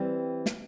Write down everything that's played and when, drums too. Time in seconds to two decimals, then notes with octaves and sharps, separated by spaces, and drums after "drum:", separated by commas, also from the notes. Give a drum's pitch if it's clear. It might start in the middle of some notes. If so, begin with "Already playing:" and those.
Already playing: E3 G3 C4
0.46 drum: snare